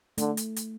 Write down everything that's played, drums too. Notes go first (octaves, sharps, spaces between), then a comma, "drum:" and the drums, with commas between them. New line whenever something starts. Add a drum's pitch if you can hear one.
D3 A3, drum: hi-hat
drum: hi-hat
drum: hi-hat